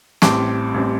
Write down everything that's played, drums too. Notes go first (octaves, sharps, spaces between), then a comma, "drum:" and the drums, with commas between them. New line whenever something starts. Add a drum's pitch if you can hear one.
A1 A2 G3 C4 A5 D6, drum: snare
A1 A2 G3 C4